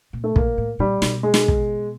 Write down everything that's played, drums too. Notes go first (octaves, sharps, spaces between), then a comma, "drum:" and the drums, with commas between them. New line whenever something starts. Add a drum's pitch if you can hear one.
A#2
A3
A#2 A#3, drum: kick
A2
A#2 G3
B2, drum: snare
G#3
drum: snare
drum: kick